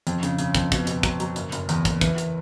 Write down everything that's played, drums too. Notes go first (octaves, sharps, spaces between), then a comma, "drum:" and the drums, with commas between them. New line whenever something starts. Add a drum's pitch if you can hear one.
F2, drum: hi-hat
C#3, drum: hi-hat
C#3, drum: hi-hat
F2, drum: kick, hi-hat
B2, drum: kick, hi-hat
B2, drum: hi-hat
F#3, drum: kick, hi-hat
F#3, drum: hi-hat
F#1, drum: hi-hat
F#1, drum: hi-hat
E2, drum: hi-hat
F#1, drum: kick, hi-hat
E3, drum: kick, hi-hat
drum: hi-hat